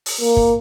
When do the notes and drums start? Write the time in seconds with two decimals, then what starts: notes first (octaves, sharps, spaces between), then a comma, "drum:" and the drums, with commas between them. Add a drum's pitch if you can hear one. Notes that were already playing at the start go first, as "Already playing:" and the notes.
0.06 drum: open hi-hat
0.20 A#3
0.37 drum: kick